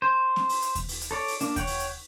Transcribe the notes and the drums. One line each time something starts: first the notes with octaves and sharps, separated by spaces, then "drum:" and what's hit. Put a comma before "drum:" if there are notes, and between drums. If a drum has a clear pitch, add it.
C5
drum: snare C4
drum: open hi-hat
drum: hi-hat
drum: kick D#2, hi-hat
drum: open hi-hat
drum: hi-hat
A4 C#5 D5
drum: open hi-hat
A#3 D4, drum: hi-hat
C#5 F#5 G5, drum: kick D#2, hi-hat
drum: open hi-hat
drum: hi-hat